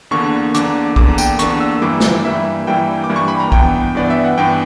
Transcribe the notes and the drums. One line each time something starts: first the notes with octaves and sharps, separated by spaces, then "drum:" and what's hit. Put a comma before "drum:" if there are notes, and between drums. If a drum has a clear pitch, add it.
E2 D3 A#3 D4 C#6
E2 D3 A#3 D4 D6, drum: hi-hat
E2 D3 A#3 D4 D6, drum: kick
G5, drum: tambourine
E2 D3 A#3 D4 C#6, drum: hi-hat
C#6
E6
E6
G2 E3 G3 A#3 E4 D6
drum: snare
G2 E3 G3 A#3 E4 E5
G2 E3 G3 A#3 E4 G5
D6
G2 E3 G3 A#3 E4
C#6
B5
A#5
G2 E3 B3 G5, drum: kick
G2 E3 B3 D5
E5
F#5
G2 E3 B3 G5